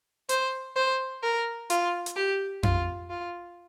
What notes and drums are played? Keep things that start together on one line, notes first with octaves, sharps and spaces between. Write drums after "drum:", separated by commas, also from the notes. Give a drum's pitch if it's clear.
C5, drum: hi-hat
C5
A#4
F4, drum: hi-hat
drum: hi-hat
G4
F4, drum: tom F2
F4